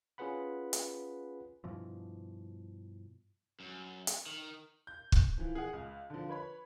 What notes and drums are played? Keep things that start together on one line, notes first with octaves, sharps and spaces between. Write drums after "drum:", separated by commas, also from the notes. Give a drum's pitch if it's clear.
C#4 F4 G#4 B4 F#5 B5
drum: hi-hat
G2 B2 E3 F3
F#2
drum: hi-hat
D#3
G6
drum: kick
E3 F3
G#4 F#5
C#2
D3 F3
B4 C#5 B5